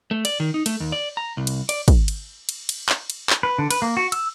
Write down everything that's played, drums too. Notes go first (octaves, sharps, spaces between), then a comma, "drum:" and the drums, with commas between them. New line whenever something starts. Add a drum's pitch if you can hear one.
A3
D5, drum: cymbal
D#3
D#4
A3, drum: cymbal
D#2
D5
A#5
C2
drum: cymbal
D5, drum: cymbal
drum: kick, cymbal
drum: cymbal
drum: cymbal
drum: cymbal
drum: clap
drum: cymbal
drum: clap
B4
D3
B4, drum: cymbal
A#3
F#4
E6, drum: cymbal